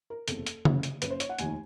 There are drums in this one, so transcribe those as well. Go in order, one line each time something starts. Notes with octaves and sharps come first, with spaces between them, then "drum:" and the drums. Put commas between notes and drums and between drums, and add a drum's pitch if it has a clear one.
A#4
F#1 E2 C3 A4, drum: hi-hat
drum: hi-hat
F#1 F#2 C#3, drum: tom
drum: hi-hat
F#1 F#2 C#3 B4, drum: hi-hat
C5
C#5, drum: hi-hat
F#5
F1 D#2 D#3 G#5, drum: hi-hat